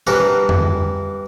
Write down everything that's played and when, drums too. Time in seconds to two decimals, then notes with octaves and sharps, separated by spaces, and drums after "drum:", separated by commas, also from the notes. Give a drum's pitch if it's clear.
0.07 E3 G3 D4 F#4 A#4 B4
0.49 drum: tom